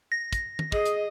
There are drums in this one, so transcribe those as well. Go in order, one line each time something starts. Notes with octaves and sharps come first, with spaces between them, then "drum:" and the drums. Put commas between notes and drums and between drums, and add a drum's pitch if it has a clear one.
A#6
drum: kick, hi-hat
drum: tom
G#4 D#5, drum: kick
drum: hi-hat